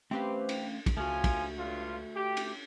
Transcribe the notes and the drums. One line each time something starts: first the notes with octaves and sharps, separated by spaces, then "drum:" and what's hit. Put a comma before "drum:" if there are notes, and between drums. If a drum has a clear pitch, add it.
A3 C4 C#4 G4 B4 F5
drum: cymbal
drum: kick, cymbal
C#2 F3 A3 F#4 G#5
drum: kick, cymbal
G2 F4
G4
drum: cymbal